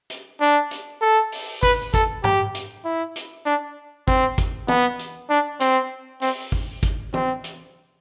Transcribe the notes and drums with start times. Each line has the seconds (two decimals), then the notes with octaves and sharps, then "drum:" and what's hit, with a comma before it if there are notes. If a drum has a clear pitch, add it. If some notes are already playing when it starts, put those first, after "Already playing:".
0.10 drum: hi-hat
0.41 D4
0.71 drum: hi-hat
1.02 A4
1.32 drum: open hi-hat
1.63 B4, drum: kick
1.94 A4, drum: kick, hi-hat
2.24 G4, drum: tom G2
2.55 drum: hi-hat
2.85 E4
3.16 drum: hi-hat
3.46 D4
4.08 C4, drum: kick
4.38 drum: kick, hi-hat
4.68 B3, drum: tom
4.99 drum: hi-hat
5.30 D4
5.60 C4, drum: hi-hat
6.22 C4, drum: open hi-hat
6.52 drum: kick
6.83 drum: kick, hi-hat
7.14 C4, drum: tom
7.44 drum: hi-hat